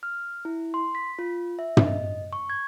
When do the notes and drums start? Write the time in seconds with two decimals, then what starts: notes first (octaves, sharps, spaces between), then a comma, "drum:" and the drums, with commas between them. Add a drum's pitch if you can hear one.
0.03 F6
0.45 E4
0.74 C6
0.95 B6
1.19 F4
1.59 E5
1.77 drum: tom
1.87 D#5
2.33 C#6
2.50 G#6